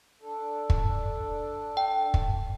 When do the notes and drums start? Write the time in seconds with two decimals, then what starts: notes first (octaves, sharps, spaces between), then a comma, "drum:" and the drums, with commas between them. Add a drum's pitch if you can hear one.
0.22 D4 A4
0.70 drum: kick
1.77 G5
2.14 drum: kick